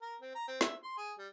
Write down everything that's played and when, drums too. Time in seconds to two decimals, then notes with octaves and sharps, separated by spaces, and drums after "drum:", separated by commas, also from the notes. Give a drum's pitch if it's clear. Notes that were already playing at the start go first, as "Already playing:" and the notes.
0.02 A#4
0.21 C4
0.35 A#5
0.48 C4
0.61 E5, drum: snare
0.83 C6
0.98 G#4
1.19 G3